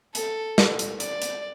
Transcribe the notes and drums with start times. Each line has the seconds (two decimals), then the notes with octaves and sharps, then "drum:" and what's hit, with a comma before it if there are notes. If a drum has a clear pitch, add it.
0.15 A4, drum: hi-hat
0.58 drum: snare
0.79 drum: hi-hat
1.00 D5, drum: hi-hat
1.22 drum: hi-hat